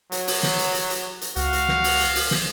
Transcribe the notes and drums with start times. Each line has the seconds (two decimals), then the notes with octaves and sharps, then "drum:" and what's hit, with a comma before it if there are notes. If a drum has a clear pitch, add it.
0.12 F#3, drum: hi-hat
0.27 drum: open hi-hat
0.43 drum: snare
0.59 drum: hi-hat
0.74 drum: hi-hat
0.90 drum: hi-hat
1.21 drum: hi-hat
1.36 C#2 F#4 F5, drum: hi-hat
1.53 drum: hi-hat
1.68 drum: snare
1.84 drum: open hi-hat
2.00 drum: hi-hat
2.15 drum: open hi-hat
2.31 drum: snare